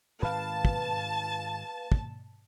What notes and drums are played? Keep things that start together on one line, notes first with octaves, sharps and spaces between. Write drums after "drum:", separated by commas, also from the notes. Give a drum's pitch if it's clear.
G#2 D#3 C4 B4 F5 A5
drum: kick
drum: kick